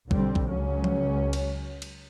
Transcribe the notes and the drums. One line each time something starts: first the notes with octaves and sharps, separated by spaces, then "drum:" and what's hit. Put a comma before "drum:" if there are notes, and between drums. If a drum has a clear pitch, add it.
B1 D3 G3 C4, drum: kick A#1
drum: kick A#1
C#2 F#3 C#4
drum: tom F3
drum: cymbal
drum: cymbal